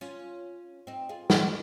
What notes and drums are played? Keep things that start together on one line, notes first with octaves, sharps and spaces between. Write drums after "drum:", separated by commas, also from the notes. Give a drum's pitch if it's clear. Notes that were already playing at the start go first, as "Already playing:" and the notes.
C#4 F4
C4 D#4
F4 G#4
G#4 C5, drum: snare